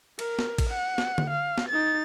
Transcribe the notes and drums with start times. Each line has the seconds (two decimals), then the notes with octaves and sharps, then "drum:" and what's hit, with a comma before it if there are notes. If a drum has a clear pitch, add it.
0.19 A#4, drum: cymbal
0.39 drum: snare
0.58 drum: kick A1, cymbal
0.70 F#5
0.98 drum: snare
1.18 drum: tom D3
1.30 F5
1.58 drum: snare
1.69 D#4 A6